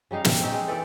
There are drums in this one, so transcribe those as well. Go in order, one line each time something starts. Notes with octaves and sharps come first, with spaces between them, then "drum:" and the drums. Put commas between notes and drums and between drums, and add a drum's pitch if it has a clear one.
C#3 G3 D#4 F5
G3 E5, drum: snare
C4 C#4 D#4 G4
G#3
E3 A4 A#4 D5